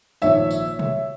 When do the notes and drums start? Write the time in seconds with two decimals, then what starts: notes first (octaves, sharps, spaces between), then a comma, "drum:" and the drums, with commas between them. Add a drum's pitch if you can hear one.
0.22 A#1 G#2 D#3 C#5 E5, drum: tambourine
0.51 drum: tambourine
0.79 drum: tom B2